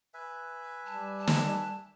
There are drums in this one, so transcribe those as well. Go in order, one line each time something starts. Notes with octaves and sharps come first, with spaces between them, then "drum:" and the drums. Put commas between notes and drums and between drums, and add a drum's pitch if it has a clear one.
B4 E5 G#5
G3 A5
A5
drum: snare